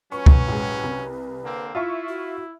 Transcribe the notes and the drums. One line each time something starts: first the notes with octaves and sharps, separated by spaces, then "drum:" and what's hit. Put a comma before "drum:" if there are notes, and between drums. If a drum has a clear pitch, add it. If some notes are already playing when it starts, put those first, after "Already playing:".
F#3 C#4 B4 C#6
drum: kick
A1 G#3
C2
D3 A#3 C4
E4 F4 E5 C#6
F#4